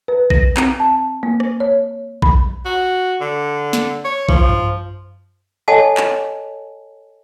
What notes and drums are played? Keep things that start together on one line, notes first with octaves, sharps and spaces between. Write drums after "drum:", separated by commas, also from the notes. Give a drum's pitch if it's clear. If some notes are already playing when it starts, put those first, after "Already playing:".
B4
A#6, drum: kick A#1
C4, drum: clap
A5
A#3
drum: rim click
C#5
B5, drum: kick A#1
F#4
D3
drum: snare
C#5
F3, drum: kick A#1
drum: tom G2
A4 C#5 D#5 F#5 G#5 A5
drum: clap